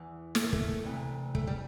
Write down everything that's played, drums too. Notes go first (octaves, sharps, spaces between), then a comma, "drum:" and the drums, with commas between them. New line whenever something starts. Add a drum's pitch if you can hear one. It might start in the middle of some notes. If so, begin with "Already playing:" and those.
Already playing: E2 E3
A3, drum: snare
A#3
A3, drum: kick
D2 C3 E3
A3, drum: kick
G3